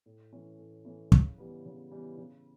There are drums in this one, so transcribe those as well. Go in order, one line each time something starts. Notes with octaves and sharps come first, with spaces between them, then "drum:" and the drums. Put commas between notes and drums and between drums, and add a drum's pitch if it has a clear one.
A2
E3 A3 C#4
A2
E3 A3 C#4
C#3, drum: kick
E3 G3 B3
C#3
E3 G3 B3
C#3